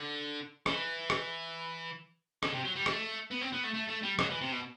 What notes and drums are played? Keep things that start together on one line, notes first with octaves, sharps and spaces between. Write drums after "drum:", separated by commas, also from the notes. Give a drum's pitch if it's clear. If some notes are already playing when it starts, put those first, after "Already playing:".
Already playing: D3
E3, drum: rim click
drum: rim click
D3, drum: rim click
C3
F#3
G3
A3, drum: rim click
B3
C4
B3
A3
A3
A3
G3
F#3, drum: rim click
E3
C3
B2